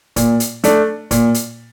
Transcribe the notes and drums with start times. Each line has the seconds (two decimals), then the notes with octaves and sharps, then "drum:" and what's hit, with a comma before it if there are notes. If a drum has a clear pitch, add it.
0.16 A#2, drum: kick, hi-hat
0.40 drum: hi-hat
0.64 A3 D4, drum: hi-hat
1.11 A#2, drum: kick, hi-hat
1.34 drum: hi-hat